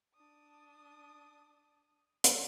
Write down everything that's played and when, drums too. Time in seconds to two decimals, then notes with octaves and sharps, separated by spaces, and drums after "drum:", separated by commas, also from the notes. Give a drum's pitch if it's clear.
0.15 D4 D#6
2.24 drum: hi-hat